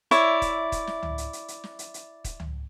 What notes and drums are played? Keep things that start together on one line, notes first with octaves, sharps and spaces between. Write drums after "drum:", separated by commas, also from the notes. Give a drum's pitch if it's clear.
E4 C#5 D5 E5, drum: hi-hat
drum: kick, hi-hat
drum: kick, hi-hat
drum: snare
drum: tom C#2
drum: hi-hat
drum: hi-hat
drum: hi-hat
drum: snare
drum: hi-hat
drum: hi-hat
drum: kick, hi-hat
drum: tom C#2